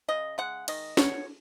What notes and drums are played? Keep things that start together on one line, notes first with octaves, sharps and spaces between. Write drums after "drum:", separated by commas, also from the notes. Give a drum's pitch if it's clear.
C#3 D#5
G#3 F#5
D#3 D#5, drum: cymbal
B3 C#5, drum: snare